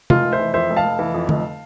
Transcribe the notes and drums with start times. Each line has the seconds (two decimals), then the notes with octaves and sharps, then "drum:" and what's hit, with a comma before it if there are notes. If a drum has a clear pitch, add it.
0.10 F1 F4, drum: tom
0.25 F1
0.32 C5 E5
0.39 E3
0.54 F2 C5 E5
0.70 F1
0.76 F5 A5
0.84 F1
0.99 E3
1.14 F2
1.29 F1, drum: tom